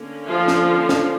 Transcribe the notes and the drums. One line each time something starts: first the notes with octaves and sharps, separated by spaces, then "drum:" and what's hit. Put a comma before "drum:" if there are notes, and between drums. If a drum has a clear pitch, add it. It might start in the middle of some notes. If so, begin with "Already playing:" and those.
Already playing: D3 A#3 C#4
F3 F4
drum: snare
drum: snare